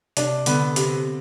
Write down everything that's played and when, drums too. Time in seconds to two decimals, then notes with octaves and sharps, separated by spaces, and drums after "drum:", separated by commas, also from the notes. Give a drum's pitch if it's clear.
0.17 C3 D4, drum: hi-hat
0.46 D3 B3, drum: hi-hat
0.76 C3, drum: hi-hat